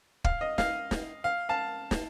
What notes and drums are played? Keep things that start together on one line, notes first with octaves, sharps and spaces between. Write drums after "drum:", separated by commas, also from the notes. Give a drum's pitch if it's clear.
F5, drum: kick
D#5
F5, drum: snare
drum: snare
F5
F5 A5
drum: snare